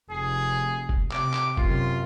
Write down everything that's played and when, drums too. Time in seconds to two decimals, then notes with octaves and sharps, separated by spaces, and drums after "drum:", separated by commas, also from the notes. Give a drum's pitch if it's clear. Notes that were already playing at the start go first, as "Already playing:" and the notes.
0.11 F1 G#4
0.89 drum: kick F#1
1.12 C3 D6, drum: clap
1.34 drum: clap
1.57 F#2 C3 F4, drum: kick F#1